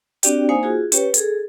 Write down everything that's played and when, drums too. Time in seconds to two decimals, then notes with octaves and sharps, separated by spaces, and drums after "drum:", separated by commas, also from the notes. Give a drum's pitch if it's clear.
0.23 C4 D4 F#4 G4 D5 G5, drum: hi-hat
0.49 A#3 D#4 C5 F5 G#5 D#6
0.63 F4 F#4 G#4
0.92 C#4 G4 B4 C#5 G5, drum: hi-hat
1.14 G#4 A4, drum: hi-hat